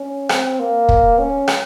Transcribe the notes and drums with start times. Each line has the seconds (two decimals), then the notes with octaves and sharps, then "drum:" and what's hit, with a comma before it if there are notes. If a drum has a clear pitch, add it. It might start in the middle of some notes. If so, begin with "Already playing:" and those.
Already playing: C#4
0.29 C4, drum: rim click
0.60 A#3
0.89 drum: kick
1.19 C#4
1.48 drum: rim click